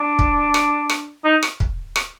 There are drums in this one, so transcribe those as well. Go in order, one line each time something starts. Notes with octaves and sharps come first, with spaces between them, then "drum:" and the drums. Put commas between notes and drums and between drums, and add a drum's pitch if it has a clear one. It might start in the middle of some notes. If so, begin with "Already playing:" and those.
Already playing: D4
drum: kick
drum: rim click
drum: rim click
D#4
drum: rim click
drum: kick
drum: rim click